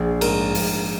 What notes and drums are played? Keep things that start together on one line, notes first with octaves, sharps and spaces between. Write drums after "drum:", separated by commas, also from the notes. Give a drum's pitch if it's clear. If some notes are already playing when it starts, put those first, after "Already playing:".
Already playing: A#1 G#4
G#2 A#4, drum: cymbal
A#1, drum: open hi-hat